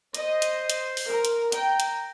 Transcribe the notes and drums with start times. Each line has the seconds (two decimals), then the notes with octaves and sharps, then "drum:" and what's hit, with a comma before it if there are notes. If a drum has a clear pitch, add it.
0.15 C5 D#5, drum: hi-hat
0.42 drum: hi-hat
0.70 drum: hi-hat
0.97 drum: open hi-hat
1.07 A#4
1.25 drum: hi-hat
1.52 G5 A#5, drum: hi-hat
1.80 drum: hi-hat